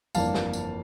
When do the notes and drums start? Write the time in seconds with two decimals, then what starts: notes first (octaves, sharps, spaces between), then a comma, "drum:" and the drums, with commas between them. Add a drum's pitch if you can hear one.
0.15 G1 F2 E3 A#3 D4 F5 A5, drum: tambourine
0.34 drum: snare
0.53 drum: tambourine